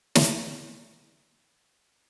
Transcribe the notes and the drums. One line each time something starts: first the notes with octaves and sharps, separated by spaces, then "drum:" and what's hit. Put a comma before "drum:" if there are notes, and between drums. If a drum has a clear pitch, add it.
D4 A#4, drum: snare